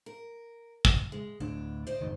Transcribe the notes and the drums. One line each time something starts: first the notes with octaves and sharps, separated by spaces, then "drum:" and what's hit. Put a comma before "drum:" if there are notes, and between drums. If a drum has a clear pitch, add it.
A#4
drum: kick
G#3
D2 A2 D3 D4
C5 D5 D#5
F#1 G#2 D#3